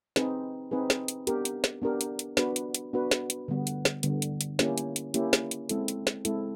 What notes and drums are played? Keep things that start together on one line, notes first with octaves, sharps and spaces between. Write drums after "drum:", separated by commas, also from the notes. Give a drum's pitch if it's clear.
C4 D#4 G#4 B4, drum: snare
C4 D#4 G#4 B4
drum: snare
drum: hi-hat
B3 D4 G4 A#4, drum: hi-hat
drum: hi-hat
drum: snare
B3 D4 G4 A#4
drum: hi-hat
drum: hi-hat
B3 D4 F#4 B4, drum: snare
drum: hi-hat
drum: hi-hat
B3 D4 F#4 B4
drum: snare
drum: hi-hat
D3 G3 B3
drum: hi-hat
drum: snare
D3 G3 B3, drum: hi-hat
drum: hi-hat
drum: hi-hat
A#3 C#4 E4 G4, drum: snare
drum: hi-hat
drum: hi-hat
A#3 C#4 E4 G4, drum: hi-hat
drum: snare
drum: hi-hat
G#3 C4 E4 A4, drum: hi-hat
drum: hi-hat
drum: snare
G#3 C4 E4 A4, drum: hi-hat